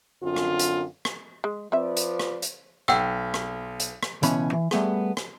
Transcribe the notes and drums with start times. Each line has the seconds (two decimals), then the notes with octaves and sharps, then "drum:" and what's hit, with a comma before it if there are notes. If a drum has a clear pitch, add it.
0.22 F#2 D3 C4 F4
0.36 drum: rim click
0.59 drum: hi-hat
1.05 drum: rim click
1.44 G#3
1.72 F3 C4 B4 D5 E5
1.97 drum: hi-hat
2.19 drum: rim click
2.42 drum: hi-hat
2.88 B1 F#5 G5 E6, drum: rim click
3.34 drum: rim click
3.80 drum: hi-hat
4.03 drum: rim click
4.23 C#2 B2 E3 C#4 C#5 B5, drum: hi-hat
4.53 E3
4.71 G3 A3 B3 G#4, drum: rim click
5.17 drum: rim click